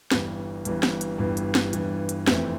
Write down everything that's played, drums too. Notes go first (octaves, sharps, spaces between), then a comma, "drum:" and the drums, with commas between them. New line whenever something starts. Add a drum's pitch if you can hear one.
G1 G2 E3, drum: snare
G1 G2 E3, drum: hi-hat
drum: snare
drum: hi-hat
G1 G2 E3
drum: hi-hat
drum: snare
G1 G2 E3, drum: hi-hat
drum: hi-hat
F1 F2 E3 A3 C4, drum: snare